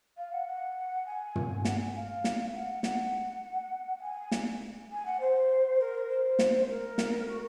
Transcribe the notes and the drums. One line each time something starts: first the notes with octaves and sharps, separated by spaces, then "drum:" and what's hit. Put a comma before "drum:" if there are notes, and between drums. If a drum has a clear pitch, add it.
F5
F#5
F#5
G#5
drum: tom
F#5, drum: snare
G#5
F5
drum: snare
F#5
F#5, drum: snare
F#5
G#5
drum: snare
G#5
F#5
C5
A#4
C5
drum: snare
A#4
drum: snare
F#4